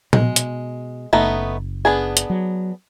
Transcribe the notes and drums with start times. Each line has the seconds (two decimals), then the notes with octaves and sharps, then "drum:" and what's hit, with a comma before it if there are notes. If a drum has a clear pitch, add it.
0.13 B2 G#3, drum: tom A#2
0.36 drum: hi-hat
1.13 F#1 A3 B3 D#4
1.85 B3 D4 G#4
2.17 drum: hi-hat
2.30 F#3